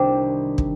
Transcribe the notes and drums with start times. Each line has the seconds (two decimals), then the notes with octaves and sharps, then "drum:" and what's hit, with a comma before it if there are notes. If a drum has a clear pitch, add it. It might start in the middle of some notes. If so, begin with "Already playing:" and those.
Already playing: C2 C3 D#3 C4 D4
0.58 drum: kick